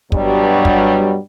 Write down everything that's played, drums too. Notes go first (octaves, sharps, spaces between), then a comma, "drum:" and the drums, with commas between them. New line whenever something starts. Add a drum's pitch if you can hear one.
G2 B2 F#3 G3, drum: kick
drum: kick